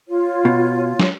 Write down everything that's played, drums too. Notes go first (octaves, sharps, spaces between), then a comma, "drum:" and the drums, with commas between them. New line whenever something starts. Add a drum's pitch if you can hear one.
F4 C#5
B2
drum: snare